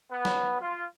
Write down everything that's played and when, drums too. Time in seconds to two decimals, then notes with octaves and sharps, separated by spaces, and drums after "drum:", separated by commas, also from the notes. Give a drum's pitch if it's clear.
0.11 B3
0.25 drum: snare
0.60 F4